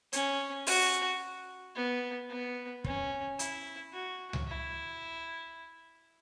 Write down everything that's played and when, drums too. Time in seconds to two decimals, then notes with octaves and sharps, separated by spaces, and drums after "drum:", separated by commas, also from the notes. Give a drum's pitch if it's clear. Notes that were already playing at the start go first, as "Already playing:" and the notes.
0.13 C#4, drum: hi-hat
0.67 F#4, drum: open hi-hat
1.75 B3
2.29 B3
2.84 C#4, drum: kick
3.39 E4, drum: hi-hat
3.93 F#4
4.33 drum: tom C#2
4.47 E4